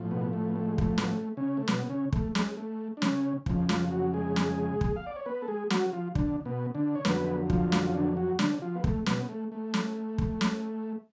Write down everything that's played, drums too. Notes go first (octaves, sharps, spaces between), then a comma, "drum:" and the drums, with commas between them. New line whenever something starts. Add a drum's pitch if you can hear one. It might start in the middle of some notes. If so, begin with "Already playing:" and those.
Already playing: A2 F3
B2 B3
A3
B3
A3
G#3
A3, drum: kick
B3, drum: snare
A3
C#3 C#4
A3
B2 B3, drum: snare
C#3 C#4
A3, drum: kick
G#3, drum: snare
A3
D4
C#3 C#4, drum: snare
F2 C#3 F3, drum: kick
F3 F4, drum: snare
F#3 F#4
G#3 G#4
drum: snare
drum: kick
F5
D5
C#5
B3 B4
A4
G#3 G#4
F#3 F#4, drum: snare
F3 F4
D3 D4, drum: kick
B2 B3
D3 D4
C#5
F2 D3 F#3 B3 B4, drum: snare
F3 F4, drum: kick
drum: snare
F4
D3 D4
F#3 F#4
D3 D4, drum: snare
F3 F4
B3
A3, drum: kick
B2 B3, drum: snare
A3
A3
drum: snare
drum: kick
drum: snare